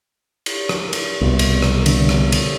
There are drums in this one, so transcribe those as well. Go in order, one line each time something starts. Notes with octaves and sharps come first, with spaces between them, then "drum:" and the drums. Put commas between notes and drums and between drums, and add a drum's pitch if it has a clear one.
drum: cymbal
drum: rim click
drum: cymbal
C2 B2 B3
drum: cymbal
drum: rim click
D3, drum: cymbal
drum: rim click
drum: cymbal